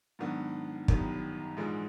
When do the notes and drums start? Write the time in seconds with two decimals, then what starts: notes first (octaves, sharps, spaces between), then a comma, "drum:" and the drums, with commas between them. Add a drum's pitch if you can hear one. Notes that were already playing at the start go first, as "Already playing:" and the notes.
0.19 G#2 D#3 F#3 B3 D4
0.88 G1 F#2 D#3 G3 B3, drum: kick
1.57 A#1 G#2 E3 G#3